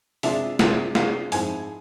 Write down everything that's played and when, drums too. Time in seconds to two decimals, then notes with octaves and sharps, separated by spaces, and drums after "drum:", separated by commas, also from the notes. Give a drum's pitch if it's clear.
0.23 C3 G#3 D4 F4 E5, drum: open hi-hat
0.59 C3 G#3 D4 F4, drum: snare
0.95 C3 G#3 D4 F4 F5, drum: snare
1.32 G#2 F3 G#3 C4 E4 G#5, drum: open hi-hat